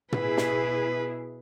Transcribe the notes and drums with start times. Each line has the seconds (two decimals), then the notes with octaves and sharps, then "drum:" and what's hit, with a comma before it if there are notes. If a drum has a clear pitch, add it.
0.12 B2 E4 G#4 B4, drum: tom
0.37 drum: snare